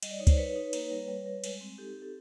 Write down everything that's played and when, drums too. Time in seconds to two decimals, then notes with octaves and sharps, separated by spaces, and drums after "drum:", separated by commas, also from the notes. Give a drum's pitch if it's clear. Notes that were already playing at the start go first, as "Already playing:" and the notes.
0.03 G3 D#5, drum: cymbal
0.11 D5
0.19 D#4 C#5
0.27 C5 D5, drum: kick C#2, cymbal
0.38 D#4 B4 C#5
0.56 D#4
0.73 A#3, drum: cymbal
0.91 G3
1.08 G3
1.26 G3
1.44 G#3, drum: cymbal
1.61 C4
1.78 D#4 G4 A4
1.96 C4
2.02 A4